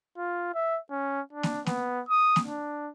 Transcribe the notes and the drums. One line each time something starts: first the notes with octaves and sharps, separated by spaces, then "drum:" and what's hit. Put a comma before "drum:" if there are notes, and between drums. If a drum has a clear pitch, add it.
F4
E5
C#4
D4
drum: snare A#3
B3, drum: snare A#3
D#6
drum: snare A#3
D4